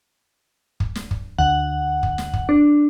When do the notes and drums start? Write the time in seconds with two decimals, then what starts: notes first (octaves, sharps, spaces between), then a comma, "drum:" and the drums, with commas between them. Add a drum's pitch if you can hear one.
0.80 drum: kick
0.95 drum: snare
1.11 drum: kick
1.39 D2 F#5
2.03 drum: kick
2.18 drum: snare
2.33 drum: kick
2.49 D4